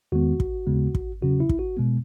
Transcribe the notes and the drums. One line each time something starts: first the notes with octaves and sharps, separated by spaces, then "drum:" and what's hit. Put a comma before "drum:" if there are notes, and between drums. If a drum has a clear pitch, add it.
E2 D#3 G#3 B3 F#4
drum: kick
D#2 C#3 G#3 B3
drum: kick
E2 C#3 F#3 C#4 F#4
E4
drum: kick
F#4
B2 G#3 B3